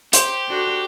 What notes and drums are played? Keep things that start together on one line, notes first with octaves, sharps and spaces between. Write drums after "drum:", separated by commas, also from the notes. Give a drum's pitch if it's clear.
G4 C5, drum: hi-hat
D4 F#4 A4